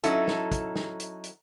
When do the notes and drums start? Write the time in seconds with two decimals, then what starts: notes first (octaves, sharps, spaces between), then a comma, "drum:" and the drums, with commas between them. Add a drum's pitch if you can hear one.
0.04 F#3 C#4 D#4 E4 A4, drum: hi-hat
0.28 drum: snare
0.52 drum: kick, hi-hat
0.76 drum: snare
1.00 drum: hi-hat
1.24 drum: hi-hat